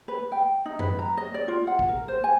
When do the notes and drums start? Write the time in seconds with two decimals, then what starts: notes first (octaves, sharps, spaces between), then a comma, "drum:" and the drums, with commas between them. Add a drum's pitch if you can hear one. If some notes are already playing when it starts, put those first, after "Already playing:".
0.08 B4
0.32 G5
0.66 D#4
0.79 B4, drum: tom F#2
0.99 A#5
1.17 D#5
1.34 D5
1.48 F4
1.67 F#5
1.79 drum: kick
1.89 A#4
2.08 C5
2.24 G#5